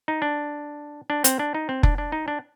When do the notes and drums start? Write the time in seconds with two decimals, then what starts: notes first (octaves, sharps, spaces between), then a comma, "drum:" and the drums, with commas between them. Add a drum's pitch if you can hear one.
0.08 D#4
0.22 D4
1.10 D4
1.24 C4, drum: hi-hat
1.39 D4
1.54 D#4
1.69 C4
1.83 D4, drum: kick F1
1.98 D4
2.12 D#4
2.28 D4